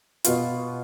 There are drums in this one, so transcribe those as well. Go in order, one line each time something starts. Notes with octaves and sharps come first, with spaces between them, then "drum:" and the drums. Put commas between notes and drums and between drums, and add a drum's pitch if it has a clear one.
B2 B3 F4, drum: hi-hat